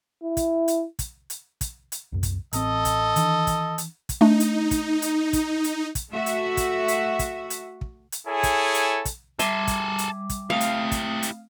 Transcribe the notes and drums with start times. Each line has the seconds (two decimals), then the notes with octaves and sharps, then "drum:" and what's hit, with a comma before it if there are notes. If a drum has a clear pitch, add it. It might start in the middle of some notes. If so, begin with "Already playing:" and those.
0.23 E4
0.37 drum: kick, hi-hat
0.68 drum: hi-hat
0.99 drum: kick, hi-hat
1.30 drum: hi-hat
1.61 drum: kick, hi-hat
1.92 drum: hi-hat
2.12 C2 F#2
2.23 drum: kick, hi-hat
2.53 A1 C4 A4 D#5, drum: hi-hat
2.85 drum: kick, hi-hat
3.16 D#3 E3 D4, drum: hi-hat
3.47 drum: kick, hi-hat
3.78 drum: hi-hat
4.09 drum: kick, hi-hat
4.21 A3 D4 D#4
4.40 drum: hi-hat
4.71 drum: kick, hi-hat
5.02 drum: hi-hat
5.33 drum: kick, hi-hat
5.64 drum: hi-hat
5.95 drum: kick, hi-hat
6.12 A3 F#4 E5
6.26 drum: hi-hat
6.57 drum: kick, hi-hat
6.88 drum: hi-hat
7.19 drum: kick, hi-hat
7.50 drum: hi-hat
7.81 drum: kick
8.12 drum: hi-hat
8.28 E4 G#4 A4 C#5 G#5
8.43 drum: kick, hi-hat
8.74 drum: hi-hat
9.05 drum: kick, hi-hat
9.39 G3 G#4 A4 E5 G#5 C6 D6, drum: hi-hat
9.67 drum: kick, hi-hat
9.98 drum: hi-hat
10.29 drum: kick, hi-hat
10.50 A3 C4 E4 G4 F5 D#6
10.61 drum: hi-hat
10.92 drum: kick, hi-hat
11.23 drum: hi-hat